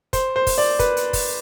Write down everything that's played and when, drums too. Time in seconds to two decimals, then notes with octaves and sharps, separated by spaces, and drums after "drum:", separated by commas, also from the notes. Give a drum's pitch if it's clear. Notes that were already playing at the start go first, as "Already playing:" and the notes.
0.13 C5, drum: kick, hi-hat
0.36 C5
0.47 drum: kick, open hi-hat
0.58 D5
0.79 B4, drum: kick, hi-hat
0.97 drum: hi-hat
1.13 drum: kick, open hi-hat